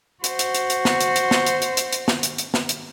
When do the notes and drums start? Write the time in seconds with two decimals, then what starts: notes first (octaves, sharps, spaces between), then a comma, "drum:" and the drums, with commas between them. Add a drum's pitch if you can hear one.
0.24 F#4 C5, drum: hi-hat
0.39 drum: hi-hat
0.55 drum: hi-hat
0.70 drum: hi-hat
0.85 drum: snare
1.01 drum: hi-hat
1.16 drum: hi-hat
1.31 drum: snare
1.46 drum: hi-hat
1.62 drum: hi-hat
1.77 drum: hi-hat
1.92 drum: hi-hat
2.08 drum: snare
2.23 drum: hi-hat
2.38 drum: hi-hat
2.54 drum: snare
2.69 drum: hi-hat